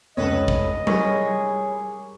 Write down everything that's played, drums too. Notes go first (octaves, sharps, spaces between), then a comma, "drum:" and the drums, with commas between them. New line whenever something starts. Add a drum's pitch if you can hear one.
F1 C#2 A4 B4 C#5 D#5
drum: kick
G3 E4 F4 G#4 A#4 C#5 C#6, drum: tom F#3